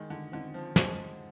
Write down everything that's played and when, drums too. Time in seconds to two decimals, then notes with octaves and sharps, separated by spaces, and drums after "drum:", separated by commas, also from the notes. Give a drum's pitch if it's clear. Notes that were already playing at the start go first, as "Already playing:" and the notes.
Already playing: D#3 G#3
0.10 D3
0.32 D3 C4 D#4
0.54 F3
0.76 F3 G#3, drum: snare